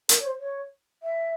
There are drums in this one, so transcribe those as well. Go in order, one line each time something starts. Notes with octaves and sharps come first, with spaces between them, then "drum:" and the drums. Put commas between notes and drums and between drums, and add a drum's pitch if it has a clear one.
A#4, drum: hi-hat
C#5
C5
C#5
E5